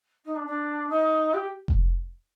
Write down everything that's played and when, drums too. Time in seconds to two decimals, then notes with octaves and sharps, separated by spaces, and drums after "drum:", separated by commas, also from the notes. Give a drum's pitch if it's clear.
0.25 D#4
0.35 D4
0.46 D4
0.89 D#4
1.33 G4
1.68 drum: kick F1